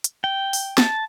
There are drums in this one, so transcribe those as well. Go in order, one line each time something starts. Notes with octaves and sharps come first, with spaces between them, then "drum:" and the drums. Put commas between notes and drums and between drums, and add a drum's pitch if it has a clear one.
drum: hi-hat
G5
drum: open hi-hat
A5, drum: snare